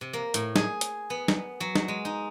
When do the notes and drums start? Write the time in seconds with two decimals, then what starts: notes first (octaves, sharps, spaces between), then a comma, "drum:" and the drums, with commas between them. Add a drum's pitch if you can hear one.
0.01 C3
0.13 A#3
0.34 A2, drum: hi-hat
0.56 G#4, drum: snare
0.81 drum: hi-hat
1.10 B3
1.28 drum: snare
1.60 F#3
1.75 drum: snare
1.88 G#3
2.05 D#4